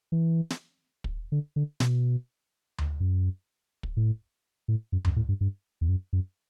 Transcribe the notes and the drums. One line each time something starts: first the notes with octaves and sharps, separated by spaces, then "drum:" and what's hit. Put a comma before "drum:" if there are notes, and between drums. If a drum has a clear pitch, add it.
E3
drum: snare
drum: kick
D3
D3
B2, drum: snare
drum: tom D2
F#2
drum: kick
A2
A2
F#2
F#2, drum: tom D2
A2
G2
G2
E2
F#2
F#2